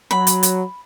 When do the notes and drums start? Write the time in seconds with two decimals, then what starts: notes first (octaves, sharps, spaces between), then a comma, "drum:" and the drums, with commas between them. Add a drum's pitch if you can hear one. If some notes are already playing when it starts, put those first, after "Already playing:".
0.11 F#3 B5
0.27 drum: hi-hat
0.43 drum: hi-hat